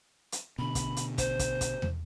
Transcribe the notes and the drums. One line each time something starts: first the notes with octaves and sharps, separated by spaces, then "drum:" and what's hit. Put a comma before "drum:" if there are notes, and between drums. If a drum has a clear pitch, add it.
drum: hi-hat
B2 D3 B5
drum: kick, hi-hat
drum: hi-hat
C5, drum: kick, hi-hat
drum: kick, hi-hat
drum: kick, hi-hat
drum: tom